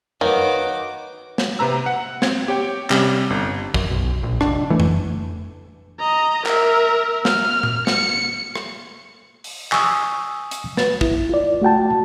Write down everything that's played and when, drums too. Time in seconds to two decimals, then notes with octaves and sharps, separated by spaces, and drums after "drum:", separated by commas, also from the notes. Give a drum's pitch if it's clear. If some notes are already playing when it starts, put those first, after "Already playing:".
0.21 D#3 F#4 B4 C#5 F5 D6
1.38 drum: snare
1.59 C3 C4 B4 A#5 E6
1.86 F#5
2.22 C4 G#6, drum: snare
2.48 G4 C#5 G5
2.90 C3 G3 C#4, drum: clap
3.30 G1
3.74 F#2, drum: kick
3.90 B1
4.23 A#1
4.41 F1 D4, drum: rim click
4.70 E3 A3
4.80 drum: tom F2
6.00 D#5 A#5
6.46 A#4 E5, drum: clap
7.25 F6, drum: snare
7.63 drum: tom A#2
7.87 C#7, drum: snare
8.55 drum: rim click
9.44 drum: open hi-hat
9.72 G#5 C#6 D#6 E6, drum: clap
10.51 drum: hi-hat
10.77 B4 A6, drum: snare
11.01 E4, drum: kick
11.29 F4 D5
11.62 A3 F#4 G5 A5